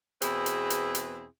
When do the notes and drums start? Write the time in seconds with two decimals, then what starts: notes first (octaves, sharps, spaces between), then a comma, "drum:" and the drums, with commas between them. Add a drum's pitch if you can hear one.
0.22 E2 B2 C4 E4 G#4 B4, drum: hi-hat
0.46 drum: hi-hat
0.70 drum: hi-hat
0.95 drum: hi-hat